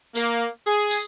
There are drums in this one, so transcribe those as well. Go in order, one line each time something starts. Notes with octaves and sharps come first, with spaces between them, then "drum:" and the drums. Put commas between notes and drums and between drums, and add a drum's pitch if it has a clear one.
A#3, drum: tambourine
G#4
drum: tambourine